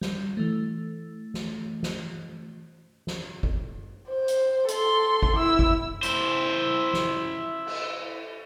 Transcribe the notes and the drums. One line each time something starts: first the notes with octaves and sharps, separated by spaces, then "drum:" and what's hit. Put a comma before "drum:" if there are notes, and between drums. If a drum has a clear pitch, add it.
G3, drum: snare
E3 A3
drum: snare
drum: snare
drum: snare
drum: kick
C5
drum: hi-hat
A4 C6, drum: hi-hat
drum: kick
E4 E6
drum: kick
E4 C5, drum: hi-hat
drum: snare
drum: cymbal